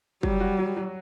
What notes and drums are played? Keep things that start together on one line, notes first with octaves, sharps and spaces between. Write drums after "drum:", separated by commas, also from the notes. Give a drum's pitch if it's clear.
F#3 G3, drum: kick
F#4
F#3
F#3